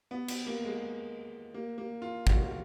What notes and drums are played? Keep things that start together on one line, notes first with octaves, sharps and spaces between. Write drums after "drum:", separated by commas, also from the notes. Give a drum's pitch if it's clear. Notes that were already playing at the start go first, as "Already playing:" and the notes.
B3
B3, drum: cymbal
A#3
G#3
A#3
A#3
F4
F#4, drum: kick